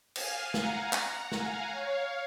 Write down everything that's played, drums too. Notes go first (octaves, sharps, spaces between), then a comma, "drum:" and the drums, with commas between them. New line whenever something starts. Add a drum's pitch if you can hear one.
F5 G#5, drum: cymbal
F#5 A#5, drum: snare
F#5 A#5, drum: clap
F5 G#5, drum: snare
C#5 F5